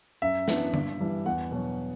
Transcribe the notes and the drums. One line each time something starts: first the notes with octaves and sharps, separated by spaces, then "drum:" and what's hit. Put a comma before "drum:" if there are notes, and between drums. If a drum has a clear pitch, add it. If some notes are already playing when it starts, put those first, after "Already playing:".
F#2 E5
E3 B3 D4, drum: snare
G2, drum: tom D3
E3 G3 D4
E2 F#5
B2 F#3